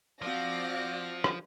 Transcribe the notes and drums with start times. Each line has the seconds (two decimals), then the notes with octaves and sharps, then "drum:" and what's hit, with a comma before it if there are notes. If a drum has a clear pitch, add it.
0.22 F3 C4 F#4 D5 F5 A#6
1.24 drum: rim click